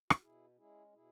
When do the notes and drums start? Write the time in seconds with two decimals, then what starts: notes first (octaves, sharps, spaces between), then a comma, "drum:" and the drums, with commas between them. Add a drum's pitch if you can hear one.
0.10 F#4, drum: rim click
0.20 B2 E4 G#4
0.57 G#3 C#4 E4 G#4
0.93 B2 E4 G#4